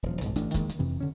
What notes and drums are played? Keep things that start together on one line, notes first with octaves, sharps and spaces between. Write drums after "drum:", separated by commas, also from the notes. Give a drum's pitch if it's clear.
D#1 F3
B1 G#2, drum: hi-hat
A1 E3 A3 D4, drum: hi-hat
D#3 G#3 A#3, drum: kick, hi-hat
drum: hi-hat
F2 C3 E3
D3 C#4